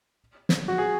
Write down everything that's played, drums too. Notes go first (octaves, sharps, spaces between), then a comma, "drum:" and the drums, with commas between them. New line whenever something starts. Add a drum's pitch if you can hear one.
drum: snare
F#4
G#4